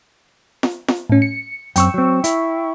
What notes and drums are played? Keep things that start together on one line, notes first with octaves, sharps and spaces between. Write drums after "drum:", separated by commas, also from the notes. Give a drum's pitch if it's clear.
drum: snare
drum: snare
A2 C#4
C#7
F#2 C4 G5 C#6 E6, drum: hi-hat
F#3 C4
E4, drum: hi-hat